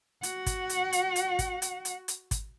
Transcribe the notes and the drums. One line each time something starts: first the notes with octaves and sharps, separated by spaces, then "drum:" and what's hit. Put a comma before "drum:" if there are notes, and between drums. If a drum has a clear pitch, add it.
F#4 F#5, drum: hi-hat
drum: kick, hi-hat
drum: hi-hat
drum: hi-hat
drum: hi-hat
drum: kick, hi-hat
drum: hi-hat
drum: hi-hat
drum: hi-hat
drum: kick, hi-hat